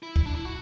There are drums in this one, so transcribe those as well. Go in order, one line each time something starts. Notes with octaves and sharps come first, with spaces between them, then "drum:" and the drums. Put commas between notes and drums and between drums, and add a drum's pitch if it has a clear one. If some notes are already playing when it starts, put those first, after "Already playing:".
E4
drum: kick
D4
E4
F#4